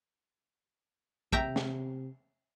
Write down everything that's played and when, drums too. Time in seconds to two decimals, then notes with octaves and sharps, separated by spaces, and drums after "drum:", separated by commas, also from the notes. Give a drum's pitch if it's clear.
1.32 C3 E5 G5 A#5, drum: kick
1.56 drum: snare